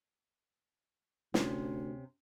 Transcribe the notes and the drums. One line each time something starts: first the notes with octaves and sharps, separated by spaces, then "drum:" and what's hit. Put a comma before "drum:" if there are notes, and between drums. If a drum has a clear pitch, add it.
D2 C3 C#4, drum: snare